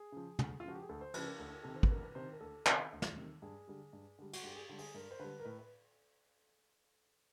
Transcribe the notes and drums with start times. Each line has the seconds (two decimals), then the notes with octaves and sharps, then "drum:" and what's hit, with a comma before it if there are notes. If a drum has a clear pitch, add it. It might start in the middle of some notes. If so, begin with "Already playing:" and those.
Already playing: G#4
0.12 C#3 F3
0.39 D2, drum: tom
0.60 F4
0.64 C#3 F3 F#4
0.75 G4
0.82 G#4
0.89 D2 A4
1.01 C5
1.14 C#3 F3 B4, drum: cymbal
1.26 A#4
1.39 D2 A4
1.52 A#4
1.64 C3 D#3 A4
1.75 C5
1.83 B4, drum: kick
1.90 D2 A#4
2.03 B4
2.15 C3 D#3 C5
2.32 A#4
2.41 D2 A4
2.66 C3 D#3, drum: clap
2.92 D2
3.02 drum: snare
3.17 C3 D#3
3.42 G2 G#4
3.68 D3 G3
3.93 G2
4.19 D3 G3
4.33 F#4, drum: cymbal
4.43 G2 G4
4.55 G#4
4.61 G4
4.69 D3 G3
4.78 G#4, drum: open hi-hat
4.94 G2 A#4
5.11 C5
5.19 D3 G3 B4
5.40 A#4
5.45 A2 B4
5.59 B4